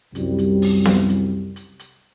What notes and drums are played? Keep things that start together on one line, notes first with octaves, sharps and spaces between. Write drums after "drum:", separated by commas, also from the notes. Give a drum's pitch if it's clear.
C2 F#2 G3, drum: hi-hat
drum: hi-hat
drum: open hi-hat
drum: snare B3
drum: hi-hat
drum: hi-hat
drum: hi-hat